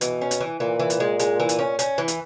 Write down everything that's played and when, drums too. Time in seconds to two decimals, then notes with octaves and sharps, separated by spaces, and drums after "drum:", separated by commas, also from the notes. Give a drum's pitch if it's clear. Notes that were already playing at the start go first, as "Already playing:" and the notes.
0.01 B2 E3, drum: hi-hat
0.21 C#4
0.31 drum: hi-hat
0.40 E3
0.60 A#2 E3
0.79 E3
0.90 drum: hi-hat
1.00 G#3
1.19 G#3, drum: hi-hat
1.40 E3
1.49 drum: hi-hat
1.59 C#4
1.79 C#4, drum: hi-hat
1.98 E3
2.08 drum: hi-hat